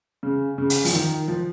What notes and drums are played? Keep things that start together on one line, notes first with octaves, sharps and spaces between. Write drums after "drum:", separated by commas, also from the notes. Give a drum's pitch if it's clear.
C#3
C#3
drum: hi-hat
F3, drum: open hi-hat
D#3
F3